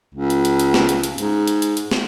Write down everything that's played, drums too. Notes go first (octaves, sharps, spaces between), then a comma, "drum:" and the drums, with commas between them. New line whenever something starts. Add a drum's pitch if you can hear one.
C#2
drum: hi-hat
drum: hi-hat
drum: hi-hat
drum: snare
drum: hi-hat
drum: hi-hat
G#2, drum: hi-hat
drum: hi-hat
drum: hi-hat
drum: hi-hat
drum: snare